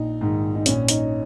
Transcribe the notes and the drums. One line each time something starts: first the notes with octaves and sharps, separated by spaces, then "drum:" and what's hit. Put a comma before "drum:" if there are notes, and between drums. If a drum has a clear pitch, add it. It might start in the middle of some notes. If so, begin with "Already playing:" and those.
Already playing: A#1 D#4
G#2 D#3
D#4
A#1 C#4, drum: hi-hat
D#4, drum: hi-hat